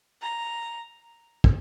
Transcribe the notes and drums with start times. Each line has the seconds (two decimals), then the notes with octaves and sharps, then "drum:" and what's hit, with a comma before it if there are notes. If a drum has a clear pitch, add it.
0.22 A#5
1.44 drum: kick